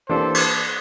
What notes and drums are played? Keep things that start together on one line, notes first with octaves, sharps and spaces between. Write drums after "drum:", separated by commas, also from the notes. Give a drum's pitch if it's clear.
E3 A#3 D4 G4 A4 C5 D5
drum: cymbal